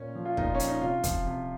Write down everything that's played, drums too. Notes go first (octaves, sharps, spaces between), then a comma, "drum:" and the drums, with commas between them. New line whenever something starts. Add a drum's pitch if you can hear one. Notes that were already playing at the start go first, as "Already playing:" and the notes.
Already playing: A#2 C#4
F3
F4
A#2 D#4, drum: kick
C#4
F3, drum: hi-hat
D#4
C3 F4
F3, drum: kick, hi-hat
C3